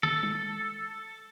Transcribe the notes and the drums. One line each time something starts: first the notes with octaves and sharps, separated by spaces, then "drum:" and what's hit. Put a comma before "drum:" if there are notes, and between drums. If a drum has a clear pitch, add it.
A4, drum: tom
drum: tom